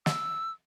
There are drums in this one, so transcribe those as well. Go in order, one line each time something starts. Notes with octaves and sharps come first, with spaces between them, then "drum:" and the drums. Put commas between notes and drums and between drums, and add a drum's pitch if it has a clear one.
E6, drum: snare